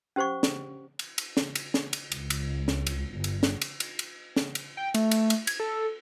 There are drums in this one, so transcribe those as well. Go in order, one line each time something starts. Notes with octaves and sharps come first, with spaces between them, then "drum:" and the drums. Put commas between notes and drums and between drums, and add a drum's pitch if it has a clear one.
C#4 G4 C5 F#5 C#6
drum: snare
drum: cymbal
drum: cymbal
drum: snare
drum: cymbal
drum: snare
drum: cymbal
C#2, drum: cymbal
drum: cymbal
drum: snare
drum: cymbal
G1
drum: cymbal
drum: snare
drum: cymbal
drum: cymbal
drum: cymbal
drum: snare
drum: cymbal
G5
A3, drum: cymbal
drum: cymbal
drum: cymbal
G#6, drum: cymbal
A4